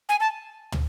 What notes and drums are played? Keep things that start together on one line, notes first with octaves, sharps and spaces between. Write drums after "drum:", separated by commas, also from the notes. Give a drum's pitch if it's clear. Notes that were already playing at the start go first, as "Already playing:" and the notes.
G#5
A5
drum: tom